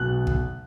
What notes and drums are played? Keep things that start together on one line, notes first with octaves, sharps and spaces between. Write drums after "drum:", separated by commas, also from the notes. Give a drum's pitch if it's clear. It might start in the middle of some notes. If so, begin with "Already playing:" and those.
Already playing: B1 B2 G#3 F#6
drum: kick